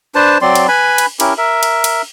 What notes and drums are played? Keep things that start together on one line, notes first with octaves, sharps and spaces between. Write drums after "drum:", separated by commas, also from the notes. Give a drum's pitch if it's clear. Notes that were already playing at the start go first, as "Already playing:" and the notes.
D4 B4 C5 A5
F#3 C4 D5 C6
drum: cymbal
B4 G#5 B5
drum: cymbal
C#4 E4 G4 A#4, drum: cymbal
A#4 E5
drum: cymbal
drum: cymbal